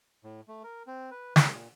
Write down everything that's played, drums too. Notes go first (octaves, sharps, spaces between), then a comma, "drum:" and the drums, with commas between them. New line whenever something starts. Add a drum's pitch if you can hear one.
A2
A3
A#4
C4
B4
D#3, drum: snare
A#2